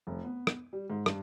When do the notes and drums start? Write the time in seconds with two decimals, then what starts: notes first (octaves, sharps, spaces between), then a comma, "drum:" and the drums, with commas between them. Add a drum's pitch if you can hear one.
0.07 F1
0.24 B3
0.47 drum: rim click
0.73 G3
0.90 G#2
1.06 G2, drum: rim click